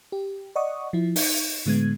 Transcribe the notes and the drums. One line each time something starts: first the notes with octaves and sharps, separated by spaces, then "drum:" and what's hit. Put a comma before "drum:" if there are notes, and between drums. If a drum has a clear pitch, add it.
G4
D5 D#5 F#5 C#6 D#6
F3 E4
D#4, drum: open hi-hat
A2 D3 G#3 B3 G#6